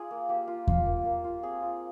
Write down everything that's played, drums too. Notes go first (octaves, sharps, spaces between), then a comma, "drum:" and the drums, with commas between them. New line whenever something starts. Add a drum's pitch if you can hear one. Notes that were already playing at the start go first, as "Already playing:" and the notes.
Already playing: F4 G#4 D5
A#3
A#3 G4
F4
F4, drum: kick E2
A#3
A#3
F4
C4 G#4
F4